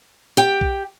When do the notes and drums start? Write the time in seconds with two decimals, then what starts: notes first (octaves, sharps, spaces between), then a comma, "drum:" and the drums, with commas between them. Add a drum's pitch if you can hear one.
0.37 G4 G5
0.61 drum: kick B1